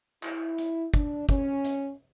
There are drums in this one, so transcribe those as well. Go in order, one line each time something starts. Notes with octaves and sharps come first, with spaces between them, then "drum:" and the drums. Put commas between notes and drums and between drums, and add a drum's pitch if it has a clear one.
E4, drum: clap
drum: hi-hat
D4, drum: kick, hi-hat
C#4, drum: kick, hi-hat
drum: hi-hat